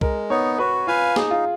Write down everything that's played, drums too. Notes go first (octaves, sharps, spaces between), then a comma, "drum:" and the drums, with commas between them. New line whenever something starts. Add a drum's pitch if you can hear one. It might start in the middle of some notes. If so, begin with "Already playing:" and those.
G#3 A#4, drum: kick C2
B3 D#4 C#5
F#4 B4
F4 B4 F5 G#5
D#4 G#4, drum: snare
F4